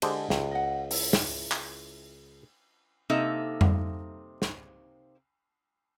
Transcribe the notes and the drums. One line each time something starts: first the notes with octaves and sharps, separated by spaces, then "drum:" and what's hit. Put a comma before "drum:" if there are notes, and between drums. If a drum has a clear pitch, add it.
D3 G#3 G4 G#4 C5 A5, drum: cymbal
C#2, drum: snare
D#5 F#5
E4 E5, drum: open hi-hat
drum: snare
drum: clap
C3 A#3 D#4 A4 E5
drum: tom F2
drum: snare